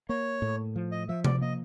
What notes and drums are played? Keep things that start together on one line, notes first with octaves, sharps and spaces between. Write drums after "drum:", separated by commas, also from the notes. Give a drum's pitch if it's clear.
A#3 C#5
A2
F3
D#5
F3 E5
D5, drum: tom C3
A#3 D#5